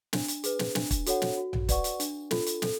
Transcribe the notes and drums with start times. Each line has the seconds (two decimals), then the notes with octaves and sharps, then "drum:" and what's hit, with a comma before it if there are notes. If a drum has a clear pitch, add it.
0.13 D4, drum: snare
0.28 drum: hi-hat
0.44 G#4 B4, drum: hi-hat
0.59 drum: snare
0.75 D4, drum: snare
0.91 drum: kick, hi-hat
1.06 F#4 A4 C#5 F#5, drum: hi-hat
1.22 drum: snare
1.38 F#4
1.53 drum: tom A#1
1.69 B4 D5 F#5 C#6, drum: kick, hi-hat
1.84 drum: hi-hat
2.00 D4, drum: hi-hat
2.31 F4 A4, drum: snare
2.46 drum: hi-hat
2.62 A4, drum: snare